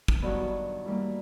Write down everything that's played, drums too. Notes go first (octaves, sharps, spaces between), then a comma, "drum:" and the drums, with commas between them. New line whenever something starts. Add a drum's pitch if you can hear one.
drum: kick
G2 D#3 F#3 B3 D4
E3 G3 A#3 D#4